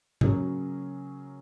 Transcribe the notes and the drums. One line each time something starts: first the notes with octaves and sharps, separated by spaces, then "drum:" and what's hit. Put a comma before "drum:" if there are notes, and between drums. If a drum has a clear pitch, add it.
C#3 F#3 A#3 C#4 G#4, drum: tom G2